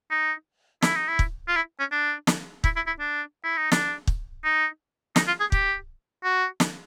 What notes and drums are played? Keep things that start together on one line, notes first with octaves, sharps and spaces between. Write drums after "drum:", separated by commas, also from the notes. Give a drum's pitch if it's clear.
D#4
E4, drum: snare
D#4
E4
drum: kick
F4
E4
C#4
D4
drum: snare
E4, drum: kick
E4
E4
D4
E4
D#4
D4, drum: snare
drum: kick
D#4
D#4, drum: snare
F4
G#4
G4, drum: kick
F#4
drum: snare